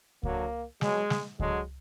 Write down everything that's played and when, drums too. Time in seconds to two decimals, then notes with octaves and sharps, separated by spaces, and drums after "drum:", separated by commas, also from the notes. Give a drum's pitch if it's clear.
0.23 D3 F#3 A#3, drum: kick C#2
0.81 B2 F#3 G#3, drum: snare
1.10 drum: snare
1.39 D3 F#3 G#3, drum: kick C#2